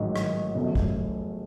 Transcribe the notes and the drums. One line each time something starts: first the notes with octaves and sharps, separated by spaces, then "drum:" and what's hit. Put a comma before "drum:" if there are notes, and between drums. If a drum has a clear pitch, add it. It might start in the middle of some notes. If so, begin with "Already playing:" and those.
Already playing: A1 G#2 D#3 F#3
drum: rim click
F1 E2 C#3 F#3 A3
drum: kick